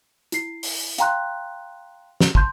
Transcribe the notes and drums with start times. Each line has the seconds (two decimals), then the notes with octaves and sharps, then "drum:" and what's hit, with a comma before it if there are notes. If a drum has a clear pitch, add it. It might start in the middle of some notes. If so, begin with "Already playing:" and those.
0.32 E4 C7, drum: hi-hat
0.63 drum: open hi-hat
0.98 F5 G5 A#5 C6 F#6, drum: hi-hat
2.21 drum: snare
2.35 A5 C6 G6, drum: kick